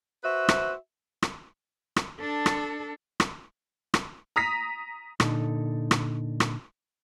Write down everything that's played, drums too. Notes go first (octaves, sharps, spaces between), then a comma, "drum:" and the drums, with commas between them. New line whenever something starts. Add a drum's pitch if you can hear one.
F#4 B4 C5 E5
drum: rim click
drum: rim click
drum: rim click
D4 A4
drum: rim click
drum: rim click
drum: rim click
A#5 D#6 A#6 B6
A#2 D3 D#4 A4, drum: rim click
drum: rim click
drum: rim click